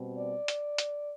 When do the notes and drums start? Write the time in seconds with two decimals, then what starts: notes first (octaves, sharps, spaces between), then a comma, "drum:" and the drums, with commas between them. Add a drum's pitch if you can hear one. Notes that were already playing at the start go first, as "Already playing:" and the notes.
Already playing: B2 G3 C4
0.18 D5
0.48 drum: hi-hat
0.78 drum: hi-hat